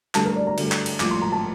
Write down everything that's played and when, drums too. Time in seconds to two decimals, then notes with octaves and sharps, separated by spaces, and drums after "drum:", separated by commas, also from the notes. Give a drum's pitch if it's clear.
0.15 G2 D3 A3 A5, drum: clap
0.25 A#4
0.36 D5
0.47 A#5
0.58 G2 D3 A3, drum: cymbal
0.72 drum: clap
0.86 drum: cymbal
1.00 A1 G2 F3 A#3 F4 D6, drum: clap
1.11 C6
1.22 A#5
1.32 A5